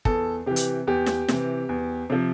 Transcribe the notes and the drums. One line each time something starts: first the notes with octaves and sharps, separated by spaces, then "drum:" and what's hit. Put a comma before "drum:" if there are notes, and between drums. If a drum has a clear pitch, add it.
E2 A4, drum: kick
C3 E3 G4
drum: hi-hat
E2 G4
drum: snare
C3 E3, drum: snare
E2
C3 F3